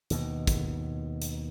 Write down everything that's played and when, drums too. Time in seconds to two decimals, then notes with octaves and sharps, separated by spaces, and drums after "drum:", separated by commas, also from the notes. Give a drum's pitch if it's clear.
0.10 D#2 B2 D#3, drum: hi-hat
0.47 drum: kick, hi-hat
1.22 drum: hi-hat